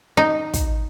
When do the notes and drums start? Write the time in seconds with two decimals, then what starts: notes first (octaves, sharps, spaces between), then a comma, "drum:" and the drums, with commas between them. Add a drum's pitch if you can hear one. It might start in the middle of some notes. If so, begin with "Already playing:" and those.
0.17 D#4
0.54 drum: kick, hi-hat